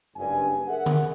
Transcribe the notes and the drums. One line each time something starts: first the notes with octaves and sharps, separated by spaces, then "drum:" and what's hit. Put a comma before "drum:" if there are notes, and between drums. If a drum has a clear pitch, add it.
F#1 G2 G#5
G#4 A#4 E5 F#5
drum: tom D3